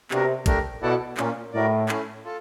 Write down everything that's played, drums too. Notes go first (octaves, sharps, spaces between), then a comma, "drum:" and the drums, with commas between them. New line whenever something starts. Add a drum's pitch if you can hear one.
C3 B3 D4 F#4 A#4, drum: clap
A3 D4 G4 A#4, drum: kick, hi-hat
B2 E4 A4 D5 F#5 A5
A#2 A#3 C#4 F4, drum: clap
A2 F#4 A#4 D5
A3 C#4 E4, drum: clap
F4 A4